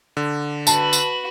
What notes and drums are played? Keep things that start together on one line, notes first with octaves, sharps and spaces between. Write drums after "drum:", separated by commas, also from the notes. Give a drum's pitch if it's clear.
D3
F#4 B4 A5, drum: tambourine
drum: tambourine